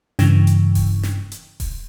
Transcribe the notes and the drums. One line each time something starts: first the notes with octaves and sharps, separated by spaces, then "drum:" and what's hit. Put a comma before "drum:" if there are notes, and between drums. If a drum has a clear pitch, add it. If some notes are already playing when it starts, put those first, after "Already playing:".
G2 C#3 E3, drum: snare
drum: hi-hat
drum: kick D#1, open hi-hat
drum: snare
drum: hi-hat
drum: kick D#1, open hi-hat